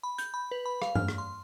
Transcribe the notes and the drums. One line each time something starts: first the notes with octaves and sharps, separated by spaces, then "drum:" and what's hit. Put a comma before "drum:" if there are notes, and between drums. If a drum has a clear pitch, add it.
B5
G6, drum: hi-hat
B5
B4
B5
F5, drum: rim click
F6, drum: tom G2
drum: rim click
C6